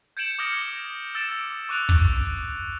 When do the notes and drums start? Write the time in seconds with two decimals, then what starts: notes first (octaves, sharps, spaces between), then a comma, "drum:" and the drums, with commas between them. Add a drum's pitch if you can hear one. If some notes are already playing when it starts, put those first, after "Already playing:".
0.17 G6 G#6 C#7 D7 E7 F#7
0.38 D6 D#6 F6 A#6 C#7
1.15 E6 A6 D7 E7
1.32 D6
1.69 C#6 D6 F#6 D7 F7
1.89 drum: kick